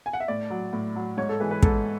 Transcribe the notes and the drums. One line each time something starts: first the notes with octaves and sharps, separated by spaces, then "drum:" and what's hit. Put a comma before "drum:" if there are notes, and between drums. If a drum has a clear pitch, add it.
G#5
F#5
E5
A2 D5
F#3
A2
F#3
G#2 C#5
A4
E3 G#3 B4
B4
G#2 A4, drum: kick